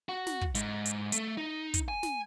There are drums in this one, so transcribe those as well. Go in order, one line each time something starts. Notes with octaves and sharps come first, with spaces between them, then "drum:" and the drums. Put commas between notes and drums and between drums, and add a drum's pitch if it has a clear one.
F#4
drum: snare
drum: kick
G#2, drum: hi-hat
drum: hi-hat
A3, drum: hi-hat
D#4
drum: kick, hi-hat
G#5
drum: snare